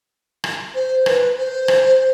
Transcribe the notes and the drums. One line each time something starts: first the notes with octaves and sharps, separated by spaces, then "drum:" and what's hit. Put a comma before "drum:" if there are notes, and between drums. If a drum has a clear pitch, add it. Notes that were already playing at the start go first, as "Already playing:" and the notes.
drum: rim click
C5
B4, drum: rim click
C5
drum: rim click